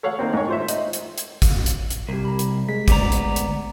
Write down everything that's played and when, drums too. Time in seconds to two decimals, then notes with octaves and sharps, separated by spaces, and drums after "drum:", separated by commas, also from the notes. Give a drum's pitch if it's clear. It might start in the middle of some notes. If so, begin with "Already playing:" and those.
0.03 A4 C#5 F5 F#5
0.19 D#3 A#3 C4
0.33 G#2 C#5
0.49 F4 C5 E5
0.68 D#4, drum: hi-hat
0.93 drum: hi-hat
1.18 drum: hi-hat
1.42 drum: kick, hi-hat
1.66 drum: hi-hat
1.90 drum: hi-hat
2.09 C2 G4 A#4
2.25 A#5 B5
2.39 drum: hi-hat
2.69 G#3 B6
2.88 D2 B3 D5 A#5 D6, drum: kick, hi-hat
3.12 drum: hi-hat
3.36 drum: hi-hat